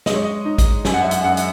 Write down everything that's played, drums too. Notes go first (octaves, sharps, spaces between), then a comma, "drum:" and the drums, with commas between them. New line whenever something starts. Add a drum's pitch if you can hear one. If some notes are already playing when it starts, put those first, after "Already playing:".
G#3 D#5, drum: snare
C#5
D#5
D#4
drum: kick A1, hi-hat
F#2 G#5, drum: snare
F#5
E5
F#5, drum: hi-hat
F#2 F#5
drum: hi-hat